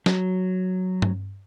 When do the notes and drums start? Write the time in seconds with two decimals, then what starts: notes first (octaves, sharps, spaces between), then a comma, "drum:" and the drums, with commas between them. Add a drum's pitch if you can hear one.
0.06 F#3, drum: snare
1.02 drum: tom G2